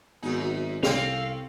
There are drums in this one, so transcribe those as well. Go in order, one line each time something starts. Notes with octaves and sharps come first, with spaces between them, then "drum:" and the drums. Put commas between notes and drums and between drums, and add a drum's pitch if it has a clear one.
G#1 F#2 B3 D#4 F#4
C2 C4 C#4 A4 F5, drum: snare